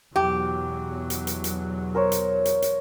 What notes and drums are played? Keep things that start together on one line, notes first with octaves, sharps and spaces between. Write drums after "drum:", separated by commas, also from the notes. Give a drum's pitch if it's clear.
E2 B2 F#3 G4
drum: hi-hat
drum: hi-hat
drum: hi-hat
A#4 C5 C#5
drum: hi-hat
drum: hi-hat
drum: hi-hat